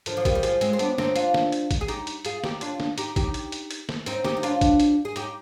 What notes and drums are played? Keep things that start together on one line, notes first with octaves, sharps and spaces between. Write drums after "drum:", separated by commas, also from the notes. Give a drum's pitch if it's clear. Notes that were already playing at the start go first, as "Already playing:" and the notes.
D3 F3, drum: hi-hat
F3
D#3 G3, drum: kick, hi-hat
G3
F3 G#3, drum: hi-hat
G#3 C4, drum: hi-hat
C4
B3 D4, drum: hi-hat
C4 D#4, drum: snare
D4 F4, drum: hi-hat
drum: snare
drum: hi-hat
drum: kick, hi-hat
G#4
D#4 G4, drum: hi-hat
drum: hi-hat
F4 G#4, drum: hi-hat
D#4 G4, drum: snare
D4 F4, drum: hi-hat
drum: snare
D#4 G4, drum: hi-hat
D#4 G4, drum: kick, hi-hat
drum: hi-hat
drum: hi-hat
drum: hi-hat
drum: snare
C4 D#4, drum: hi-hat
D#4 G4, drum: snare
D#4
D4 F4, drum: hi-hat
drum: kick, hi-hat
drum: hi-hat
G#4
D#4 G4, drum: hi-hat